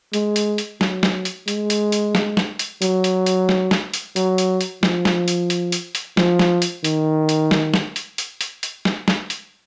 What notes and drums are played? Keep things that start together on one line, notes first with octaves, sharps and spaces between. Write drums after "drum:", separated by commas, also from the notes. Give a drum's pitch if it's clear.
G#3, drum: hi-hat
drum: hi-hat
drum: hi-hat
F#3, drum: snare
drum: snare
drum: hi-hat
G#3, drum: hi-hat
drum: hi-hat
drum: hi-hat
drum: snare
drum: snare
drum: hi-hat
F#3, drum: hi-hat
drum: hi-hat
drum: hi-hat
drum: snare
drum: snare
drum: hi-hat
F#3, drum: hi-hat
drum: hi-hat
drum: hi-hat
F3, drum: snare
drum: snare
drum: hi-hat
drum: hi-hat
drum: hi-hat
drum: hi-hat
F3, drum: snare
drum: snare
drum: hi-hat
D#3, drum: hi-hat
drum: hi-hat
drum: snare
drum: snare
drum: hi-hat
drum: hi-hat
drum: hi-hat
drum: hi-hat
drum: snare
drum: snare
drum: hi-hat